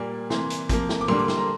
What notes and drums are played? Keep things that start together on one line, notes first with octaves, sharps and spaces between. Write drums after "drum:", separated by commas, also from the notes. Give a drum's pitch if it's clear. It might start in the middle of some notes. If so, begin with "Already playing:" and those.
Already playing: A#2 G3 A#3
C3 E3 A#3 C6, drum: snare
drum: hi-hat
C3 F3 A#3, drum: kick, hi-hat
drum: snare
D6
D3 G3 A#3 C6, drum: tom
D6
C6, drum: snare
A#5